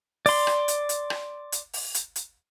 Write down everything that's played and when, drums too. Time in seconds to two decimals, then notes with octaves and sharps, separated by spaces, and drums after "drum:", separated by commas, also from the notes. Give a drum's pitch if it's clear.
0.26 D5 C6, drum: open hi-hat
0.47 drum: rim click
0.68 drum: hi-hat
0.89 drum: hi-hat
1.10 drum: rim click
1.52 drum: hi-hat
1.73 drum: open hi-hat
1.95 drum: hi-hat
2.16 drum: hi-hat